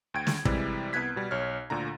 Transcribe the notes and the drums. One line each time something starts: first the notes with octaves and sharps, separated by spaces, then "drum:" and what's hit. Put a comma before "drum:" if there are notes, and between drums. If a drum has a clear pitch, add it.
D2 G5 G#6 D7
drum: snare
C3 E3 G3 G#3, drum: kick
C2 B3 F#6 G#6 B6
B2 G3
B1 C#5 F6
D2 A#2 D3 A#5